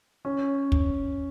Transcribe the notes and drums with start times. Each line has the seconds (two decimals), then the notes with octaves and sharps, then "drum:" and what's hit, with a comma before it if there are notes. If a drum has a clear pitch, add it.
0.25 C#4
0.72 drum: kick